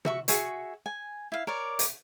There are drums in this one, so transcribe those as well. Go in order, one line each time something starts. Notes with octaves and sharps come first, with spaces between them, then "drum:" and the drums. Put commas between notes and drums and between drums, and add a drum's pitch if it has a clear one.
F#4 E5 C#6, drum: tom
F#4 G#4 E5 C#6, drum: hi-hat
G#5
E4 F5
A#4 C#5 D5
drum: hi-hat